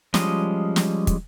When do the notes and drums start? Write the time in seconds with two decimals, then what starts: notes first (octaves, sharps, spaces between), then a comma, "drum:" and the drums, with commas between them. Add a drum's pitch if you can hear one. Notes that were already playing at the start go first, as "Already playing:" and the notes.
0.14 F3 G3 G#3 C#4 D#5, drum: snare
0.76 drum: snare
1.07 drum: kick, hi-hat